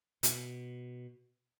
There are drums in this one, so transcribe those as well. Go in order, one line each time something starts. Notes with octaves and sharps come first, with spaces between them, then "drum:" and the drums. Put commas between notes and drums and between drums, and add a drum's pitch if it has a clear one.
B2, drum: hi-hat